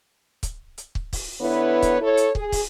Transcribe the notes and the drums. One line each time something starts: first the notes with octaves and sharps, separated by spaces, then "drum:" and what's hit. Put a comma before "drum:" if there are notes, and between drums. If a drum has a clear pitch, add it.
drum: kick, hi-hat
drum: hi-hat
drum: kick
drum: kick, open hi-hat
D3 B3 E4 B4 C#5
drum: kick, hi-hat
E4 A4 C#5
drum: hi-hat
G#4, drum: kick
drum: kick, open hi-hat